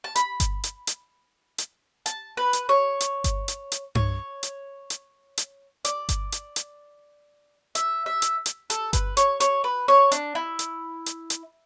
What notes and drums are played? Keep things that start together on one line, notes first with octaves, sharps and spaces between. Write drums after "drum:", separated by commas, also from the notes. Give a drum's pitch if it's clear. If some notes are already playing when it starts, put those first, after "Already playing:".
A5
B5, drum: hi-hat
drum: kick G1, hi-hat
drum: hi-hat
drum: hi-hat
drum: hi-hat
A5, drum: hi-hat
B4
drum: hi-hat
C#5
drum: hi-hat
drum: kick G1, hi-hat
drum: hi-hat
drum: hi-hat
C#5, drum: tom G2
drum: hi-hat
drum: hi-hat
drum: hi-hat
D5, drum: hi-hat
drum: kick G1, hi-hat
drum: hi-hat
drum: hi-hat
E5, drum: hi-hat
E5
drum: hi-hat
drum: hi-hat
A4, drum: hi-hat
B4, drum: kick G1, hi-hat
C#5, drum: hi-hat
C#5, drum: hi-hat
B4
C#5
D4, drum: hi-hat
E4
drum: hi-hat
drum: hi-hat
drum: hi-hat